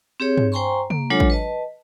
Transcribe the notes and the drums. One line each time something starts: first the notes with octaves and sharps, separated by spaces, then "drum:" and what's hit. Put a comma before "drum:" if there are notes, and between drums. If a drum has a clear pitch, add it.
C4 G4 G#4 C#5
drum: tom
C5 G5 G#5 A#5 C6 C#6
A#3, drum: tom
F#3 G#3 D4 F4 A4 C#5
drum: kick
B4 D#5 A5